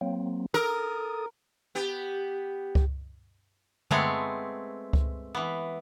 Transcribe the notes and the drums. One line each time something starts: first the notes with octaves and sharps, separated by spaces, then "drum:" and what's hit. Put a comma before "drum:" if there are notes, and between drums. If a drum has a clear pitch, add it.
F#3 A#3 C4
A4 A#4 D#6, drum: hi-hat
B3 G4
drum: kick C#2
G#3 A3 B3 C4 C#5, drum: tom
drum: kick C#2
E3 B3